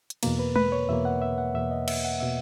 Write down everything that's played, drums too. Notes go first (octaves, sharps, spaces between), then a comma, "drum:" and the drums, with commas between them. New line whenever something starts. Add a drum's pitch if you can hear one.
drum: hi-hat
E2 B2 A#3 A#4, drum: cymbal
B4
B4, drum: tom G#3
C#5
E2 B2 A#3 E5
F#5
E5
F#5
E2 B2 A#3 E5
D#5
E5, drum: cymbal
F#5
B2 A#3 E5